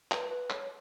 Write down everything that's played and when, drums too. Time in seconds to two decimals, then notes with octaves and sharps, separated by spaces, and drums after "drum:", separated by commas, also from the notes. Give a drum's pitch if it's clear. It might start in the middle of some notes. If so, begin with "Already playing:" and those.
0.12 B4, drum: clap
0.30 B4
0.50 C#5, drum: clap